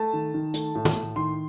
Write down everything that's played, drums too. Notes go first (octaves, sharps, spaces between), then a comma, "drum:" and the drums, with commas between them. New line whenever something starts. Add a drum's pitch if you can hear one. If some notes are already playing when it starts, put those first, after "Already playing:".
Already playing: A3 A5
D#3
D#3
A3, drum: hi-hat
A2
drum: tom
A2
D#3 C6